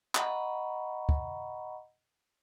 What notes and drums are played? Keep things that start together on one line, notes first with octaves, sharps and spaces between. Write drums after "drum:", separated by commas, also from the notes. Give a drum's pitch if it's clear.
D#5 F#5 A#5 B5 C#6, drum: clap
drum: kick